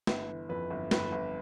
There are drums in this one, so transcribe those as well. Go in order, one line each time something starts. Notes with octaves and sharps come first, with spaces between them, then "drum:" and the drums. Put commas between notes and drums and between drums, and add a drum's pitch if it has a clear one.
G1 B4, drum: snare
E3
F2 B4
G1
G1 B4, drum: snare
G1